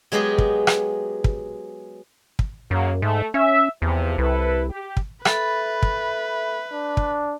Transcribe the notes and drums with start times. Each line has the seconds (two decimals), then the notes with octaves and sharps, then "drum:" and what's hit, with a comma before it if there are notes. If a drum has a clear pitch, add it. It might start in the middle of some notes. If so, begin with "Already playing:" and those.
0.12 F#3 G#3 B3 G4 G#4
0.38 drum: kick
0.67 drum: rim click
1.24 drum: kick
2.39 drum: kick
2.71 F#2 C#3 F#3 A#3
3.02 G#2 A3
3.34 C#4 E5
3.82 E2 C3 F3
4.18 C2 E4 A4 B4
4.69 G4
4.97 drum: kick
5.25 A4 B4 E5 B5, drum: rim click
5.83 drum: kick
6.73 D4
6.97 drum: kick